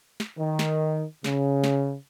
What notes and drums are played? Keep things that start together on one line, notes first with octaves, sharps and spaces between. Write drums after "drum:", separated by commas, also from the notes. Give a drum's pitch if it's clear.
drum: snare
D#3
drum: snare
C#3, drum: snare
drum: snare